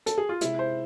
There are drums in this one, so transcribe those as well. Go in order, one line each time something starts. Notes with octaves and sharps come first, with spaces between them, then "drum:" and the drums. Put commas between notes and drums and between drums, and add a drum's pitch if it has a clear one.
A4, drum: hi-hat
G#4
F4
C3 G#3 E4, drum: hi-hat
C5